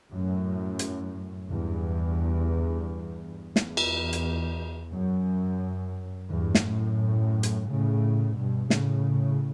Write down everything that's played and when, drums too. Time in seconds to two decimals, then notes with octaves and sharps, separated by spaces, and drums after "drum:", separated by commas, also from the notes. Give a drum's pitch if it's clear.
0.12 F#2 A2
0.79 drum: hi-hat
1.49 E2 G2
3.56 E2, drum: snare
3.77 drum: cymbal
4.13 drum: hi-hat
4.93 F#2
6.30 E2 G2
6.55 drum: snare
6.65 F#2 A2
7.43 drum: hi-hat
7.67 A2 C#3
8.36 G2 B2
8.70 A2 C#3, drum: snare